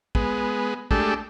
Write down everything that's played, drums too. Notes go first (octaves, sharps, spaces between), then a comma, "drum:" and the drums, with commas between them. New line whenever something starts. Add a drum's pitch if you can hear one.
G#3 B3, drum: kick
G#3 A3 D4 G4 A4, drum: kick